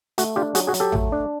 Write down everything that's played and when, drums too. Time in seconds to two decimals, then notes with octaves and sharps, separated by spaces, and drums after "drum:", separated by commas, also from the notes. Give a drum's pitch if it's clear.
0.18 A3 F#4, drum: hi-hat
0.36 D4 F4 G4
0.55 F#3 F#4 G#4, drum: hi-hat
0.67 F#4 G#4
0.74 F#3, drum: hi-hat
0.80 G4 A4
0.92 A3, drum: tom A1
1.12 D4